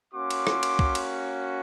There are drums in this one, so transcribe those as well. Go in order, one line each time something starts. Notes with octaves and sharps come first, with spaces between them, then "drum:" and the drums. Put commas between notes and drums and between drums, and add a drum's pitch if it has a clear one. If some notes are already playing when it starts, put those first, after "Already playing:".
A#3 C#4 F#4 C6 D6
drum: cymbal
drum: rim click
drum: cymbal
drum: kick
drum: cymbal